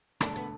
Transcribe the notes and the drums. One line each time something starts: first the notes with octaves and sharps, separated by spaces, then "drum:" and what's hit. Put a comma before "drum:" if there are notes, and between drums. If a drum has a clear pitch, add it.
E1 D2 D3 A3 D4, drum: rim click
B3